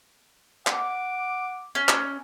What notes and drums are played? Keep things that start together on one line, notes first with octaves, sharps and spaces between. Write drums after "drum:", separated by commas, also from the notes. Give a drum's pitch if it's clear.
F#5 D6, drum: clap
C#4
drum: clap